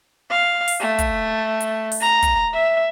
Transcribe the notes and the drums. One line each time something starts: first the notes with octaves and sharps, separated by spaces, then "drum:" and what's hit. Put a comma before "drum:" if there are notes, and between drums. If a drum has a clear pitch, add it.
F5
drum: open hi-hat
A3
drum: kick, hi-hat
drum: hi-hat
drum: open hi-hat
A#5
drum: kick, hi-hat
E5